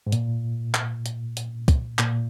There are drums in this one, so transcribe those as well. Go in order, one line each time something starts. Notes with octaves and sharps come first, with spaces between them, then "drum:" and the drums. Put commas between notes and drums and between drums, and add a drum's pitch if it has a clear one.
G#2
A#2, drum: hi-hat
drum: clap
drum: hi-hat
drum: hi-hat
drum: kick, hi-hat
A#2, drum: clap